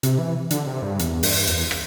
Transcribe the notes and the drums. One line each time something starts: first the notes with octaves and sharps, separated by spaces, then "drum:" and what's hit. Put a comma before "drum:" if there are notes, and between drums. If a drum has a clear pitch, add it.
C3, drum: hi-hat
E3
D3, drum: hi-hat
C3
G2
E2, drum: hi-hat
G2, drum: open hi-hat
E2, drum: hi-hat
drum: rim click